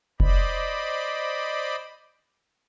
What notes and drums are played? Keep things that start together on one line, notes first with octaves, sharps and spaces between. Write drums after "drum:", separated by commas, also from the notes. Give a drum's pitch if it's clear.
C5 D5 D#5 B5, drum: kick F1